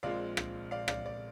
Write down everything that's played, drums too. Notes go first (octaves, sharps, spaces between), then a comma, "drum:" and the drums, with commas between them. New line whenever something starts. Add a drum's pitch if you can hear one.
A#1 A#2 G#3 C4 F4 D5 F5
drum: rim click
D5 F5
D5 F5, drum: rim click
D5